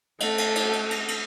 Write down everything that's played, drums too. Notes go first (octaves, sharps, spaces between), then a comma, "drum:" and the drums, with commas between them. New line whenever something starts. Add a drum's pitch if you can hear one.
A3, drum: cymbal
drum: cymbal
drum: cymbal
drum: cymbal
drum: cymbal
drum: cymbal